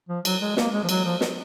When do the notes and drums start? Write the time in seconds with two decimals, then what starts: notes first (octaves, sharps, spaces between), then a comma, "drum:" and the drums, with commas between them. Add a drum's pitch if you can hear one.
0.09 F3
0.25 F#3, drum: cymbal
0.41 G#3
0.57 A#3, drum: snare
0.73 G#3
0.83 F3
0.89 F#3, drum: cymbal
1.05 F3
1.21 drum: snare